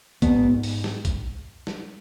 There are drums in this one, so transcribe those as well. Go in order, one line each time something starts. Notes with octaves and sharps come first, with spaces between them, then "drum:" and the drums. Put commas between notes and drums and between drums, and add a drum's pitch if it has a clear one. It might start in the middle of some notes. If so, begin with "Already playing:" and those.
G#2 B3, drum: kick, hi-hat
drum: open hi-hat
drum: snare
drum: kick, hi-hat
drum: snare